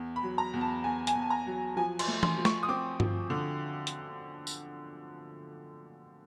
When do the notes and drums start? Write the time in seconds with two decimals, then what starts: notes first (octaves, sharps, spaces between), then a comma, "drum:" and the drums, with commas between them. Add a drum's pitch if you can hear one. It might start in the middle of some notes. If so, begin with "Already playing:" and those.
Already playing: E2
0.16 B5
0.23 F#3
0.38 A#5
0.54 E2
0.61 A5
0.84 E2 G#5
1.07 G#5, drum: hi-hat
1.15 E2
1.22 A5
1.30 A#5
1.46 F#3
1.77 F3 G#5
1.99 C6, drum: cymbal
2.08 A3
2.23 C6, drum: tom E3
2.37 F3
2.45 C#6, drum: snare
2.63 D#6
2.69 C4 D6
3.00 F3, drum: tom G2
3.30 D3
3.87 drum: hi-hat
4.47 drum: tambourine